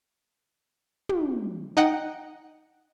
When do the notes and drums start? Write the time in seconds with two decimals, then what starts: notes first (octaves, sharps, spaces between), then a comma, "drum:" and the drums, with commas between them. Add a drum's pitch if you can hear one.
1.09 drum: tom
1.77 D#4 D#5 F#5 G5